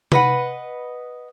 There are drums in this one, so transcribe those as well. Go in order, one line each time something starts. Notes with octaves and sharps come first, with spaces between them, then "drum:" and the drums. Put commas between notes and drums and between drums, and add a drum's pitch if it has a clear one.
B4 D#5 F#5, drum: tom C3